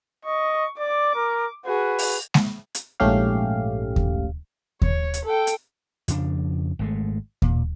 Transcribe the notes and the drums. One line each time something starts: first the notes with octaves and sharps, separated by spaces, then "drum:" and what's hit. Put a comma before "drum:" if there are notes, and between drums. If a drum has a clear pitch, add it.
D#5 C#6
D5 D6
A#4
F#4 G#4 B4
drum: open hi-hat
drum: snare G#3
drum: hi-hat
A#1 G#2 A3 C#4 G4 F5
drum: kick D#2
C#5, drum: kick D#2
drum: hi-hat
A4 G5
drum: hi-hat
F2 C#3 F3 D4, drum: hi-hat
G#1 G#3 A3
A#2, drum: kick D#2